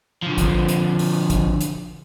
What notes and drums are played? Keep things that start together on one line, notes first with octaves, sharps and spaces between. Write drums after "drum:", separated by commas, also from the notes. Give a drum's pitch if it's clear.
D3 F3
drum: kick, hi-hat
drum: hi-hat
drum: open hi-hat
drum: kick, hi-hat
drum: hi-hat